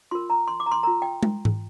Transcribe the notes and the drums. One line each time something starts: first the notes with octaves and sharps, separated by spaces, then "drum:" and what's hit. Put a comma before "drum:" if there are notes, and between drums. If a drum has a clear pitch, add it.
F4 A#4 C6
A#5
C6
D6
A#5
C6
F4 A#4 A#5
G5
drum: tom
drum: tom G#2